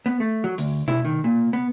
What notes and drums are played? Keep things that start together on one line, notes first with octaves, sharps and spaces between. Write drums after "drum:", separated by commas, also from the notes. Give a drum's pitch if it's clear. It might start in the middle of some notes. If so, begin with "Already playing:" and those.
B3
A3
F#3
D2, drum: hi-hat
E4, drum: tom B2
D#3
A#2
B3